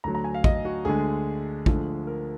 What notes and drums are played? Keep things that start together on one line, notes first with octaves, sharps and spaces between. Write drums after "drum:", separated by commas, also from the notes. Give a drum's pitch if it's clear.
D2 D3 F#3 A#5
A#5
G#5
F5
D#5, drum: kick
F#4
D2 D3 G#3 G#4
D2 D3 F3 G#3, drum: kick
A#4